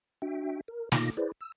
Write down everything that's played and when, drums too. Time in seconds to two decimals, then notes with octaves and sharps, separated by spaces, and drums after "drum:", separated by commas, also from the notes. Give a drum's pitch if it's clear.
0.22 D4 F#4 E5 G5
0.68 A#4
0.92 B2 A#3 D#4 F4 D6 A#6, drum: snare
1.17 E4 G#4 B4 C5 D5
1.41 E6